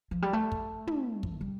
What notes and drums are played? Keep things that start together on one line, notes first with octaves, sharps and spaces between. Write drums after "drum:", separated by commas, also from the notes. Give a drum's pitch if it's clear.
F3
G3
A3
drum: kick
drum: tom
drum: kick
G3